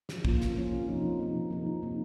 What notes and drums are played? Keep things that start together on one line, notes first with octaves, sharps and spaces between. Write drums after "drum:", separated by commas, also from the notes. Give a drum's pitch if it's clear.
F3, drum: snare
A#3 C#4 F4, drum: kick
F3, drum: snare
A#3 C#4 F4
C3
F3 A#3 D#4
C3
F3 A#3 D#4
C3
F3 A#3 D#4
C3
F3 A#3 D#4